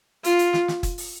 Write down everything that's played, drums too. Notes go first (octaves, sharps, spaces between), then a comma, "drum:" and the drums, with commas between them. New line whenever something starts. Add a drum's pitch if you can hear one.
F4, drum: hi-hat
drum: hi-hat
drum: snare
drum: snare
drum: kick, hi-hat
drum: open hi-hat